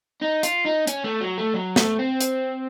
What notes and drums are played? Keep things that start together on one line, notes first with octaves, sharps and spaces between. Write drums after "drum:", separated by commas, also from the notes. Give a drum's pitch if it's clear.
D#4
F4, drum: hi-hat
D#4
C#4, drum: hi-hat
A3
F#3
A3
F#3
A3, drum: snare
C4
drum: hi-hat